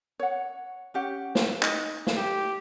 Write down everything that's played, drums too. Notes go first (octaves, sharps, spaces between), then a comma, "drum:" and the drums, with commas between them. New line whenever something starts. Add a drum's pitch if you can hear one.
C#5 F#5
C#4 G4 F#5
drum: snare
D#4 D#5, drum: clap
drum: snare
G4